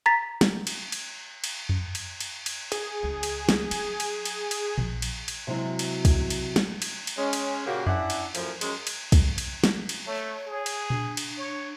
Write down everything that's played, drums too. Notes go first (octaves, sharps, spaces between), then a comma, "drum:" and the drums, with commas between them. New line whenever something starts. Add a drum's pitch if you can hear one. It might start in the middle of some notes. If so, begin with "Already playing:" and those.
A#5 A6 B6
drum: snare
drum: cymbal
drum: cymbal
drum: cymbal
drum: tom F2
drum: cymbal
drum: cymbal
drum: cymbal
G#4, drum: cymbal
C#2
drum: cymbal
drum: snare
F#3, drum: cymbal
drum: cymbal
drum: cymbal
drum: cymbal
A#1 F3, drum: tom A#2
drum: cymbal
drum: cymbal
C3 F#3 G#3 E4
drum: cymbal
drum: kick, cymbal
drum: cymbal
drum: snare
drum: cymbal
drum: cymbal
G#3 C#4
drum: cymbal
A#2 C#3 A#3 F#4 G4
C#4 D4 E4 F#5, drum: tom F2
drum: cymbal
F#2 A2 F3, drum: cymbal
F#2 G#3 C#4, drum: cymbal
drum: cymbal
drum: kick, cymbal
drum: cymbal
drum: snare
drum: cymbal
A3 C#5
G#4
drum: cymbal
D4, drum: tom A#2
drum: cymbal
C#5